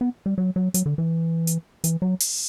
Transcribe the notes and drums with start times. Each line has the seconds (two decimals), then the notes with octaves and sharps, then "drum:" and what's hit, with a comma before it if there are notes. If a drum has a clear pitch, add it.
0.01 B3
0.26 G3
0.38 F#3
0.56 F#3
0.74 F#3, drum: hi-hat
0.86 D3
0.98 E3
1.47 drum: hi-hat
1.84 E3, drum: hi-hat
2.02 F#3
2.20 drum: open hi-hat